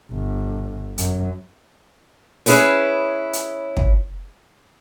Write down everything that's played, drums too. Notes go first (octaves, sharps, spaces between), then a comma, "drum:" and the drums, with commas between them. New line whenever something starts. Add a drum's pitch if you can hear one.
G1
F#2, drum: hi-hat
C#4 E4 G#4 B4 C#5, drum: open hi-hat
drum: hi-hat
drum: kick